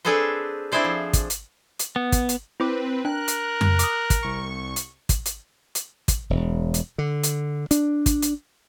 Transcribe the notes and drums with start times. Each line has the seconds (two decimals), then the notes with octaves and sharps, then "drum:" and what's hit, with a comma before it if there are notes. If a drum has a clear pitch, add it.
0.05 C4 D4 G#4 A4 B4 C5
0.72 C4 D4 E4 G#4 C5 D5
0.84 F3
1.13 drum: kick, hi-hat
1.30 drum: hi-hat
1.79 drum: hi-hat
1.96 B3
2.12 drum: kick, hi-hat
2.29 drum: hi-hat
2.60 C4 E4 B4 C5 D6
3.05 D4 A#4 G5 F#6
3.28 drum: hi-hat
3.61 drum: tom F2
3.79 D6 D#6, drum: hi-hat
4.10 drum: kick, hi-hat
4.23 C2 C#6
4.76 drum: hi-hat
5.09 drum: kick, hi-hat
5.26 drum: hi-hat
5.75 drum: hi-hat
6.08 drum: kick, hi-hat
6.30 E1
6.74 drum: hi-hat
6.98 D3
7.24 drum: hi-hat
7.71 D4, drum: hi-hat
8.06 drum: kick, hi-hat
8.22 drum: hi-hat